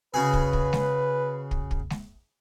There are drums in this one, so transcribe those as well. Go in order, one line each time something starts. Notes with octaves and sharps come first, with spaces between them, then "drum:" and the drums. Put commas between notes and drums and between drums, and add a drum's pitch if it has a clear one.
C#3 F#4 G#4 B4
drum: kick
drum: kick
drum: snare G#3
drum: kick
drum: kick
drum: snare G#3